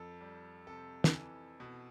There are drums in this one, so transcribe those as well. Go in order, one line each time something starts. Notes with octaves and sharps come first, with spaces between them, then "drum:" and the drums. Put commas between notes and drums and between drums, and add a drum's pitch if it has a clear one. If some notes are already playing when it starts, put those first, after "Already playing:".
Already playing: F2 A4
G3
C3 A4
drum: snare
E3
B2